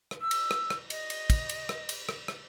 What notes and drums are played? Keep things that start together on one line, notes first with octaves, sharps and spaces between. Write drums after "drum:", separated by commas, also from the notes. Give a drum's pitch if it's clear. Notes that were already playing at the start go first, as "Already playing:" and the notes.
drum: rim click
E6
drum: cymbal
drum: rim click
drum: rim click
D#5, drum: cymbal
drum: cymbal
drum: kick, cymbal
drum: cymbal
drum: rim click
drum: cymbal
drum: rim click
drum: rim click